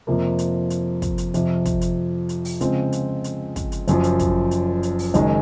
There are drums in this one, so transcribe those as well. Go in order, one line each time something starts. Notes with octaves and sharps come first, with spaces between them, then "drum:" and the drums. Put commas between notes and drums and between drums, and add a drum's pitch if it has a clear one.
F2 C3 F3 A#3
drum: hi-hat
drum: hi-hat
drum: kick, hi-hat
drum: hi-hat
F2 C3 F3, drum: hi-hat
drum: kick, hi-hat
drum: hi-hat
drum: hi-hat
drum: open hi-hat
C#3 F3 G#3 C4 F4, drum: hi-hat
drum: hi-hat
drum: hi-hat
drum: kick, hi-hat
drum: hi-hat
F#1 F#2 F3, drum: hi-hat
drum: hi-hat
drum: kick, hi-hat
drum: hi-hat
drum: hi-hat
drum: open hi-hat
F#1 F#2 D#3 G#3, drum: hi-hat